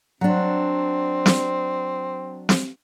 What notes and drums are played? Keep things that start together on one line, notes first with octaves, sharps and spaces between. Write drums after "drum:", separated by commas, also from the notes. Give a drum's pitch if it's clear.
F#3 C4 D4
drum: snare
drum: snare